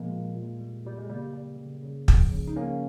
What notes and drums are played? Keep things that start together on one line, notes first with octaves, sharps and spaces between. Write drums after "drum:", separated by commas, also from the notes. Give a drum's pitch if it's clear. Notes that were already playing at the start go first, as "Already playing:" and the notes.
Already playing: A#2 F3 G#3 A#3
A#2
A#2
G3
A#2 G3
G#3
C#3 G3 A#3
G3
C#3
C#3
F3, drum: kick
C#3
D#4
C#3 A#3 C#4